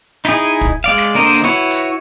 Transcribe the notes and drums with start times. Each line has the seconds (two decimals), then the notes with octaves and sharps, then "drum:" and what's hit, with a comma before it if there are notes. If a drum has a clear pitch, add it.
0.25 D#4 E4 G#4, drum: snare
0.61 drum: kick
0.84 G#3 D5 F5
0.98 drum: snare
1.15 D3 A#3 A#4 C5 D#5
1.34 drum: hi-hat
1.44 E4 F#4 B4 C#5
1.71 drum: hi-hat